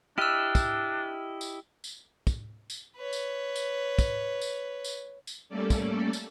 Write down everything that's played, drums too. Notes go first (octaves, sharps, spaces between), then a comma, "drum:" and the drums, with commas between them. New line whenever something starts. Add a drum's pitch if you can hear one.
D4 E4 G4 D#5 E6 F6
drum: kick, tambourine
drum: tambourine
drum: tambourine
drum: kick, tambourine
drum: tambourine
B4 C#5
drum: tambourine
drum: tambourine
drum: kick, tambourine
drum: tambourine
drum: tambourine
drum: tambourine
G3 A3 A#3 C#4 A4 D5
drum: kick, tambourine
drum: tambourine